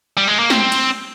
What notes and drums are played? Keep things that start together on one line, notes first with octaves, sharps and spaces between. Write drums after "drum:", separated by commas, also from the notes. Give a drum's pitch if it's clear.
G3
G#3
A#3
C4, drum: snare
drum: cymbal